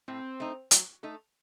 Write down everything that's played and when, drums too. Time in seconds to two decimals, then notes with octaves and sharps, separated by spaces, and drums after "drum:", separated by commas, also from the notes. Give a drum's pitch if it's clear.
0.08 A2 C4
0.40 A3 D#4
0.71 F#3, drum: hi-hat
1.03 A3 D#4 A4